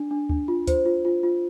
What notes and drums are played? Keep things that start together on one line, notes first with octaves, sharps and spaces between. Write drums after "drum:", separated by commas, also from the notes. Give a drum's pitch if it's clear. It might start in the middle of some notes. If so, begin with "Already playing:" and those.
Already playing: D4
D4
D4, drum: kick D2
F4
C5, drum: kick D2, hi-hat
F4
F4
F4